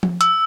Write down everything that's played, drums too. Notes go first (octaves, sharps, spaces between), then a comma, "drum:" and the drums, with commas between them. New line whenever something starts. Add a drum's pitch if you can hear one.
drum: tom F3
E6, drum: hi-hat